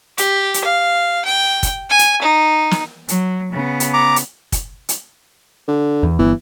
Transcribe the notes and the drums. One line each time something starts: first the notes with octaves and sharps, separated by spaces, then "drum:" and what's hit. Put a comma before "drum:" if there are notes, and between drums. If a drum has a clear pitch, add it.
G4, drum: hi-hat
drum: hi-hat
F5
G5
drum: kick, hi-hat
G#5
drum: hi-hat
D#4
drum: snare
F#3, drum: hi-hat
C#3 B3
drum: hi-hat
A#5 D6
drum: hi-hat
drum: kick, hi-hat
drum: hi-hat
D3
E2
G1 E3 B3